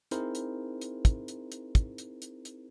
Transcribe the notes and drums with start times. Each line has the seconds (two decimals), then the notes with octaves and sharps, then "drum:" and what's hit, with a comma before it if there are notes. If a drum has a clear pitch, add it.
0.11 C4 D#4 E4 G#4 A#4 C5, drum: hi-hat
0.35 drum: hi-hat
0.81 drum: hi-hat
1.05 drum: kick, hi-hat
1.28 drum: hi-hat
1.52 drum: hi-hat
1.75 drum: kick, hi-hat
1.98 drum: hi-hat
2.22 drum: hi-hat
2.45 drum: hi-hat